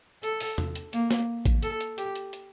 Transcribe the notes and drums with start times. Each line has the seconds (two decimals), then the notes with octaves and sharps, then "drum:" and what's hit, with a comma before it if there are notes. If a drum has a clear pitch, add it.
0.23 A4, drum: hi-hat
0.41 drum: open hi-hat
0.58 drum: tom E2
0.76 drum: hi-hat
0.93 A#3, drum: hi-hat
1.11 drum: snare
1.46 drum: kick, hi-hat
1.63 A4, drum: hi-hat
1.81 drum: hi-hat
1.98 G4, drum: hi-hat
2.16 drum: hi-hat
2.33 drum: hi-hat